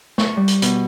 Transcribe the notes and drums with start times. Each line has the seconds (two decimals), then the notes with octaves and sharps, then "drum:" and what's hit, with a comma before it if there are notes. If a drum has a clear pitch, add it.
0.18 C#6, drum: snare
0.37 G3
0.48 drum: hi-hat
0.62 B2, drum: hi-hat